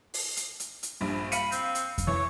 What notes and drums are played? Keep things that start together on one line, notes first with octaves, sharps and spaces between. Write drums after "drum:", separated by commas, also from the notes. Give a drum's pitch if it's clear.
drum: open hi-hat
drum: hi-hat
drum: hi-hat
drum: hi-hat
A#1 G2
F5 B5 C#7 D#7, drum: hi-hat
C4, drum: hi-hat
drum: hi-hat
drum: kick F2, hi-hat
E3 C#5